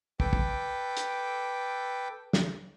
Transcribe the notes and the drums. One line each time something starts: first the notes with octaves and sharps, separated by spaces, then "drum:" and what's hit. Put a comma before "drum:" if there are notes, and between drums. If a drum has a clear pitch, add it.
A4 B4 G5 D6, drum: kick
drum: kick
drum: hi-hat
drum: snare